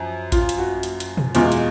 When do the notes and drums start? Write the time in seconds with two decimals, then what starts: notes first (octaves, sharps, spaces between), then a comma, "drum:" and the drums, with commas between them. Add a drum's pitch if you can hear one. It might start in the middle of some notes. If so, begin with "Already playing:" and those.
Already playing: F#2 F3
0.32 F4, drum: kick A1, hi-hat
0.49 drum: hi-hat
0.58 F#4
0.83 drum: hi-hat
1.00 drum: hi-hat
1.17 drum: tom A#2
1.35 E2 B2 G#3 F4, drum: hi-hat
1.52 drum: hi-hat